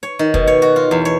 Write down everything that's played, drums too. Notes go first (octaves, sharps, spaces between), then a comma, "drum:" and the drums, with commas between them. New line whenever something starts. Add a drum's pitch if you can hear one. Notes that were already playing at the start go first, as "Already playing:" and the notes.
C#5
D#3
B2, drum: kick
C#5
F#4
F4
E2
C#5